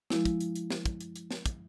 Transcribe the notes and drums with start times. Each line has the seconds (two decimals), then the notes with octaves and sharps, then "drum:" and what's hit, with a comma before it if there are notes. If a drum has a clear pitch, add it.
0.10 F3 G#3 E4, drum: snare
0.25 drum: kick, hi-hat
0.40 drum: hi-hat
0.55 drum: hi-hat
0.70 drum: snare
0.86 drum: kick, hi-hat
1.01 drum: hi-hat
1.16 drum: hi-hat
1.31 drum: snare
1.46 drum: kick, hi-hat